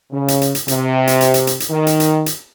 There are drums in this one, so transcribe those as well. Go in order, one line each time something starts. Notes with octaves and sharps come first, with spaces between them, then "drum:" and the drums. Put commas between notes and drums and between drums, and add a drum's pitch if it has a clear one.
C#3
drum: hi-hat
drum: hi-hat
drum: hi-hat
C3, drum: hi-hat
drum: hi-hat
drum: hi-hat
drum: hi-hat
drum: hi-hat
drum: hi-hat
D#3
drum: hi-hat
drum: hi-hat
drum: hi-hat